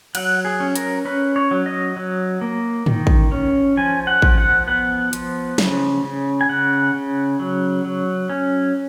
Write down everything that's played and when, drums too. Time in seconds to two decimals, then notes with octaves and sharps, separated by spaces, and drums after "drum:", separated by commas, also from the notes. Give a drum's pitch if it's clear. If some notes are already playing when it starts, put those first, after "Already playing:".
0.15 F#3 F#5, drum: cymbal
0.45 G#4
0.60 C#4
0.76 A#4, drum: hi-hat
1.05 C#4 B4
1.36 C#5
1.51 F#3
1.66 D#5
1.96 F#3
2.41 A#3
2.86 D#3, drum: tom
3.07 drum: kick A1
3.32 C#4
3.77 F3 G#5
4.07 F#5
4.22 F3, drum: kick A1
4.38 F#5
4.67 B3 F#5
5.13 F3, drum: hi-hat
5.58 C#3, drum: snare
6.04 C#3
6.41 G#5
6.49 C#3 F#5
6.94 C#3
7.39 F#3
7.84 F#3
8.30 C#4